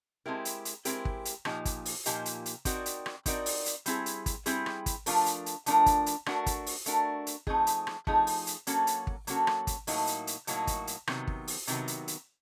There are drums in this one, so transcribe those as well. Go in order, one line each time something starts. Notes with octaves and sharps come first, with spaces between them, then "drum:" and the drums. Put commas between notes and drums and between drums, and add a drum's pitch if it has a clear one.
G#3 C4 E4 G4 A#4
drum: hi-hat
drum: hi-hat
G#3 C4 E4 G4 A#4, drum: hi-hat
drum: kick
drum: hi-hat
A#2 F3 A#3 D#4 G4, drum: rim click
drum: kick, hi-hat
drum: open hi-hat
A#2 F3 A#3 D#4 G4, drum: hi-hat
drum: hi-hat
drum: hi-hat
C4 D#4 F#4 A#4 D5, drum: kick, hi-hat
drum: hi-hat
drum: rim click
C4 D#4 F#4 A#4 D5, drum: kick, hi-hat
drum: open hi-hat
drum: hi-hat
G3 C4 E4 G#4, drum: hi-hat
drum: hi-hat
drum: kick, hi-hat
G3 C4 E4 G#4, drum: hi-hat
drum: rim click
drum: kick, hi-hat
F3 A3 D4 F4 A#4, drum: open hi-hat
drum: hi-hat
drum: hi-hat
F3 A3 D4 F4 A#4, drum: hi-hat
drum: kick, hi-hat
drum: hi-hat
A3 D4 F#4 A#4, drum: rim click
drum: kick, hi-hat
drum: open hi-hat
A3 D4 F#4 A#4, drum: hi-hat
drum: hi-hat
F3 A3 C4 D#4 G#4, drum: kick
drum: hi-hat
drum: rim click
F3 A3 C4 D#4 G#4, drum: kick
drum: open hi-hat
drum: hi-hat
F#3 A#3 C#4 F#4 A4, drum: hi-hat
drum: hi-hat
drum: kick
F#3 A#3 C#4 F#4 A4, drum: hi-hat
drum: rim click
drum: kick, hi-hat
A2 F#3 A#3 D#4 F#4, drum: open hi-hat
drum: hi-hat
drum: hi-hat
A2 F#3 A#3 D#4 F#4, drum: hi-hat
drum: kick, hi-hat
drum: hi-hat
C3 D#3 F#3 B3, drum: rim click
drum: kick
drum: open hi-hat
C3 D#3 F#3 B3, drum: hi-hat
drum: hi-hat
drum: hi-hat